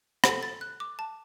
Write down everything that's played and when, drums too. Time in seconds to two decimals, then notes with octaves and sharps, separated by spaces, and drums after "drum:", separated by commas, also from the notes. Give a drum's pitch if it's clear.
0.24 A4 F#5 B5, drum: rim click
0.43 A6
0.61 F#6
0.80 D6
0.99 A5